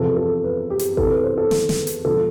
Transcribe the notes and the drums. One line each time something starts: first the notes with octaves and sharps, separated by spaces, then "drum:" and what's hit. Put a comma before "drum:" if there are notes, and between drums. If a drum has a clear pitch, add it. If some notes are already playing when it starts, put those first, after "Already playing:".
Already playing: E2 C3 F3 A4
A4
B4
G4
drum: hi-hat
E2 C3 E3 A4, drum: kick A1
B4
C5
A4
drum: snare
drum: snare
drum: hi-hat
E1 D3 F3 A4